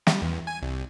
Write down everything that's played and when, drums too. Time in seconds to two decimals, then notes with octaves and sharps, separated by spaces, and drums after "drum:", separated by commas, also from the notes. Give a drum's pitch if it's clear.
0.07 G3, drum: snare
0.22 E2
0.47 G#5
0.62 C2